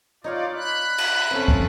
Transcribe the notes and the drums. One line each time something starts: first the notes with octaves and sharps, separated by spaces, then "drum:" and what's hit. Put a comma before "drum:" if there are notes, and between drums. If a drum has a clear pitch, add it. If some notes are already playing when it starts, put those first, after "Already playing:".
D#4 F4 C#5 D5 F5
B5 F#6
drum: cymbal
C4 C#4 A4
drum: kick